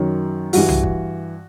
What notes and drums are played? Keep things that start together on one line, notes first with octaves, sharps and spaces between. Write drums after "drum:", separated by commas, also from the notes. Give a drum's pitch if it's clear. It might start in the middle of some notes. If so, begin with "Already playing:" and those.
Already playing: F#2 D#3 F#3
G2 E3 F#4, drum: open hi-hat
drum: tom B1
drum: kick